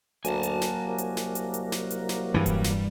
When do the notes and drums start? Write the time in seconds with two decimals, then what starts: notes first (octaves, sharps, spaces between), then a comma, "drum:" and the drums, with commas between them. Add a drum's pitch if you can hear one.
0.25 D2 F#3 A#3 G#5 A5, drum: hi-hat
0.43 drum: hi-hat
0.61 drum: snare
0.87 C2
0.98 drum: hi-hat
1.17 drum: snare
1.35 drum: hi-hat
1.54 drum: hi-hat
1.72 drum: snare
1.90 drum: hi-hat
2.09 drum: snare
2.34 G2 E3 G3
2.46 drum: kick E1, hi-hat
2.64 drum: snare